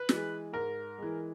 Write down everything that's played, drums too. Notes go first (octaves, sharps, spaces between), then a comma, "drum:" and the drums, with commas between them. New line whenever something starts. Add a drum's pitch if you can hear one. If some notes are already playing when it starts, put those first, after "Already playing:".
Already playing: B4
E3 G#3, drum: snare
G#2 A#4
E3 G#3